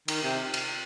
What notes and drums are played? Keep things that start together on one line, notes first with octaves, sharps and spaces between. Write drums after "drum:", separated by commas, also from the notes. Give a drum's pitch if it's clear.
D#3, drum: cymbal
C3
drum: cymbal